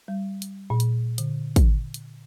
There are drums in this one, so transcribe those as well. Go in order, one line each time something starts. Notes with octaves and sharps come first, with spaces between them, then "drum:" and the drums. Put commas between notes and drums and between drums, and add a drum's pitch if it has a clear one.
G3
drum: hi-hat
A#2
drum: hi-hat
D3, drum: hi-hat
drum: kick, hi-hat
drum: hi-hat